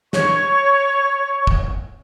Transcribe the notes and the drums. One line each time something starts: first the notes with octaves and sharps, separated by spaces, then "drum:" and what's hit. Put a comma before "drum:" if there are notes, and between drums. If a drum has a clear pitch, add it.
C#5 C#6, drum: snare
drum: kick